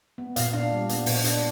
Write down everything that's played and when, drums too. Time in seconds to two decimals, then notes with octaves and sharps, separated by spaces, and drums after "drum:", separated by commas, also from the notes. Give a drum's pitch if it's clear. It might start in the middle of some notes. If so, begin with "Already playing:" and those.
0.18 B3
0.36 A#2 F5, drum: hi-hat
0.53 D4 F5
0.72 G3
0.89 B3, drum: hi-hat
1.06 A#2, drum: open hi-hat
1.24 D4, drum: hi-hat